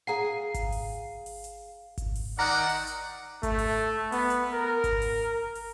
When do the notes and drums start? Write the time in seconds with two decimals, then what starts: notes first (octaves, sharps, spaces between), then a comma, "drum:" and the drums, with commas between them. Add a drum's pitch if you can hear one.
0.07 G#4 F5 F#5 G#5 A#5 C7
0.54 drum: kick G#1, hi-hat
0.72 drum: open hi-hat
1.26 drum: open hi-hat
1.44 drum: hi-hat
1.98 drum: kick G#1, hi-hat
2.15 drum: open hi-hat
2.39 D#3 D5 F#5 A#5 F6 F#6
2.69 drum: open hi-hat
2.87 drum: hi-hat
3.43 A3, drum: kick G#1, hi-hat
3.59 drum: open hi-hat
4.12 B3, drum: open hi-hat
4.30 drum: hi-hat
4.53 A#4
4.84 drum: kick G#1, hi-hat
5.02 drum: open hi-hat
5.55 drum: open hi-hat